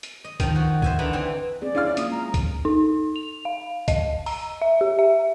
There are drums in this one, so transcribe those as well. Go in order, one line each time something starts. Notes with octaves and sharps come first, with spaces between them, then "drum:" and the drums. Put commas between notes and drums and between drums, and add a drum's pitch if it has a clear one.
drum: hi-hat
D#5
D#3 F3, drum: kick, hi-hat
F#4
C5 E5 G#5, drum: kick
D3 E3 D#4 E5 B5
E3 C4
C4 G#4 D5
C#4 E4 F5 F6
A#3 F4 D#6, drum: hi-hat
G#3 A#5
drum: kick, hi-hat
D#4
F7
F5
D#5, drum: kick, hi-hat
A#5, drum: open hi-hat
E5
G4
E5